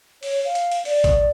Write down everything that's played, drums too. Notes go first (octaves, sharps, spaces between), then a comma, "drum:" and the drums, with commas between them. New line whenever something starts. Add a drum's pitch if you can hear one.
C#5, drum: open hi-hat
F5
drum: hi-hat
drum: hi-hat
D5, drum: open hi-hat
drum: kick, hi-hat